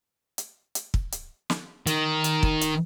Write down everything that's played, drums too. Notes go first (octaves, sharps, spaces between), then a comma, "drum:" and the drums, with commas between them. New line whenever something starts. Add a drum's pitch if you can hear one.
drum: hi-hat
drum: hi-hat
drum: kick
drum: hi-hat
drum: snare
D#3, drum: hi-hat
drum: hi-hat
drum: kick
drum: hi-hat